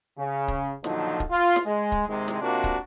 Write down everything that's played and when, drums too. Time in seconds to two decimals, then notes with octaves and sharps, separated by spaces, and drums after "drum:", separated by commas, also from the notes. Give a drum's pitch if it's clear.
0.19 C#3
0.48 drum: kick
0.84 A#2 D3 D#3 F3 F#3 D#4, drum: snare
1.20 drum: kick
1.30 F4
1.56 drum: snare
1.66 G#3
1.92 drum: kick
2.09 G#2 C3 D#3 G#3
2.28 drum: snare
2.41 C3 A#3 D4 F4 F#4 A#4
2.64 drum: kick